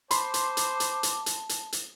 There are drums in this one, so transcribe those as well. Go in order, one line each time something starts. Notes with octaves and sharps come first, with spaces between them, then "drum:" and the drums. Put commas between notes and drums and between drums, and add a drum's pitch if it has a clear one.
C5 A5 B5 C6 D6, drum: hi-hat
drum: hi-hat
drum: hi-hat
drum: hi-hat
drum: hi-hat
drum: hi-hat
drum: hi-hat
drum: hi-hat